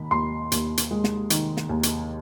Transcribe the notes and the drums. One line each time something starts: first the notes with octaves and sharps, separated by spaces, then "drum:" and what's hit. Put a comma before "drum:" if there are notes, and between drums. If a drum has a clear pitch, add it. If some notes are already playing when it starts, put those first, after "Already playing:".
Already playing: D#2 D#3 B5
D#2 C6
D#2, drum: hi-hat
drum: hi-hat
G#3
drum: snare
D#3, drum: hi-hat
drum: snare
D#2
drum: hi-hat